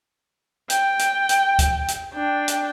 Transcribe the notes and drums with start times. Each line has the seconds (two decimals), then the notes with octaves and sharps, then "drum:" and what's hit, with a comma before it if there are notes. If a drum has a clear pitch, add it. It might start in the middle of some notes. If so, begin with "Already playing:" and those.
0.70 G5, drum: hi-hat
0.99 drum: hi-hat
1.29 drum: hi-hat
1.59 drum: kick C#2, hi-hat
1.88 drum: hi-hat
2.14 D4 G5
2.48 drum: hi-hat